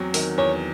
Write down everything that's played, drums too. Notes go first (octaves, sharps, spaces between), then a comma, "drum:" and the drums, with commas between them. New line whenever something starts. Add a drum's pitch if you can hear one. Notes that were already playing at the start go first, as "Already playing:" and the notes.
Already playing: E2 F#3 C4
D#3, drum: open hi-hat
E2 C#5